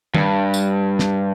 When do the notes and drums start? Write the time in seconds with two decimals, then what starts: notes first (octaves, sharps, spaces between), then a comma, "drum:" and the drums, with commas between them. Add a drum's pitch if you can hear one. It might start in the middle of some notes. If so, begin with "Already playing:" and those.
0.14 G2, drum: tom D#3
0.54 drum: tambourine
0.99 drum: snare